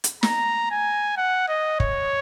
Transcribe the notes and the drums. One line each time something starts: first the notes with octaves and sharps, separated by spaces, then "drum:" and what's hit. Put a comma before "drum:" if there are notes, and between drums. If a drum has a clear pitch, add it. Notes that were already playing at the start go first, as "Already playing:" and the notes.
drum: hi-hat
A#5, drum: snare
G#5
F#5
D#5
C#5, drum: kick